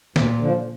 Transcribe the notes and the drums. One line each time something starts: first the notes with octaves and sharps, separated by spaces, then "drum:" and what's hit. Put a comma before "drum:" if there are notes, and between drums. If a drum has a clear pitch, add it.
D2 A#2, drum: snare
D3 F3